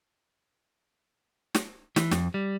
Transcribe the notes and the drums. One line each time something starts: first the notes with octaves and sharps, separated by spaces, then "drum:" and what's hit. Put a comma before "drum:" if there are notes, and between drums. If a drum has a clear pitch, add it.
drum: snare
E3, drum: snare
F2, drum: snare
G3